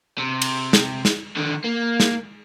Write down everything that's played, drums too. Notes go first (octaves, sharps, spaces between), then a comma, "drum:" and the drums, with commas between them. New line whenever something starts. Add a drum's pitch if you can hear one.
C3
drum: cymbal
drum: snare
drum: snare
D3 D#3
A#3
drum: snare